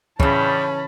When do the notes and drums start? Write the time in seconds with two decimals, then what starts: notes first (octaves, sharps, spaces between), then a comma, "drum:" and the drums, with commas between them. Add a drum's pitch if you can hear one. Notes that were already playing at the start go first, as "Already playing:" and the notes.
0.20 G2 C#3 E3 C#4 A5 B5, drum: kick